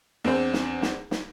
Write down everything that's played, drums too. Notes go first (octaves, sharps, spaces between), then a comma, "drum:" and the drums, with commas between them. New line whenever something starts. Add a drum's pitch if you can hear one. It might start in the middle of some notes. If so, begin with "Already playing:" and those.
E2 C4 D4 C5
drum: snare
drum: snare
drum: snare